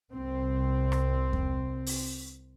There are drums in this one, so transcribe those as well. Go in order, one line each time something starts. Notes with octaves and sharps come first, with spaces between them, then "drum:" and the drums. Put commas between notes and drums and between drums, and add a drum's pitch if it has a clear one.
C2 C4
drum: rim click
drum: kick E2
drum: open hi-hat